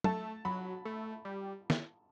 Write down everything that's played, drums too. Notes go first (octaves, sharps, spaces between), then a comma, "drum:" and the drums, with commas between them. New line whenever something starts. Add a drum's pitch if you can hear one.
A3 A5, drum: tom
F#3 B5
A3
G3
drum: snare